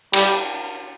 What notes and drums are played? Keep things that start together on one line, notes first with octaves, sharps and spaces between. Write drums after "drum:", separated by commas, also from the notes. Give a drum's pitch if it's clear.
G3, drum: cymbal